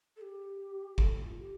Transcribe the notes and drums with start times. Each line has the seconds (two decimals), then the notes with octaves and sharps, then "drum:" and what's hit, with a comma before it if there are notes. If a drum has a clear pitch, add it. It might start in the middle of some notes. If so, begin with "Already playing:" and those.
0.16 A4
0.21 G4
0.98 A4, drum: kick
1.23 F4
1.38 G4